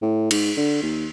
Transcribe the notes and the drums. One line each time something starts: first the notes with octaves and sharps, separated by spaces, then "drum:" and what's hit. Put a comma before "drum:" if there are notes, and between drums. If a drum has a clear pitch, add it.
A2
G#2, drum: cymbal
D3
D#2